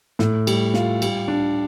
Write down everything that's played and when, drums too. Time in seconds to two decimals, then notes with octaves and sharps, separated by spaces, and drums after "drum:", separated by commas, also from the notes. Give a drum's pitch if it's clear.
0.19 A2, drum: snare
0.47 G3, drum: cymbal
0.74 F4, drum: snare
1.02 G3, drum: cymbal
1.28 D4